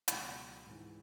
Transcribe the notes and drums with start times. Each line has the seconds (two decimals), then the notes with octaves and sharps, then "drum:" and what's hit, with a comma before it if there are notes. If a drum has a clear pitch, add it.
0.08 C#2 B2 F#3 D#6, drum: hi-hat
0.65 G#2 E3